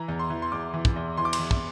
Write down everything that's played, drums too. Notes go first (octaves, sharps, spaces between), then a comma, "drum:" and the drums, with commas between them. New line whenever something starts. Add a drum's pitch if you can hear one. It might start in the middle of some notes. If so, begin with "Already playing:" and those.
Already playing: E3 A#5
E2
C6
E3
C6
E2 D6
E3
drum: kick
E2
E3 C6
D6
C6, drum: cymbal
E2
drum: kick